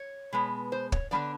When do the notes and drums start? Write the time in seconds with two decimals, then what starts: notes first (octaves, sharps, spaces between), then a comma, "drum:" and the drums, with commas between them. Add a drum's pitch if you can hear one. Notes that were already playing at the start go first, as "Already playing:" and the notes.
Already playing: C#5
0.33 B2 G#3 B3
0.72 C5
0.92 C#5, drum: kick
1.11 D3 G3 B3 D4 D5